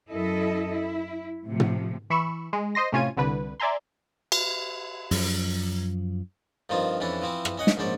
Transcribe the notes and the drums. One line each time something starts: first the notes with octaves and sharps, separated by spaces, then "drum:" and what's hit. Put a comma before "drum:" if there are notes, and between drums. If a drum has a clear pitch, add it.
F#2 E4 A4 D#5
E4
A2 C3 F3
drum: tom
E3 B5 C#6 E6
G#3
C5 D#5 C6 A#6
A2 C3 C#4 F4 G#6 D#7
C2 D3 B4
D5 E5 G#5 A#5 C6
drum: cymbal
F#2 F3, drum: open hi-hat
G2 D#3 F3 C4 F4
F2 E3 C#4 D4 E4
E3 F3 C4 E4
drum: rim click
C#4 D#5 F#5 G#5
drum: snare
A#1 G#2 C#4 C5 D5